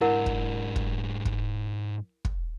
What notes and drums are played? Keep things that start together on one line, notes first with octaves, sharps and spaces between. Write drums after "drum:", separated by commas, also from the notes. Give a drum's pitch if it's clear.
G#2 D4 E4 A#4 F#5
drum: kick
drum: kick
drum: kick
drum: kick